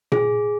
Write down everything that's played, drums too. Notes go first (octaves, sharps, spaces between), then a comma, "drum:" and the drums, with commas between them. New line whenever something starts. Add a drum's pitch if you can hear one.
G#4, drum: tom A#2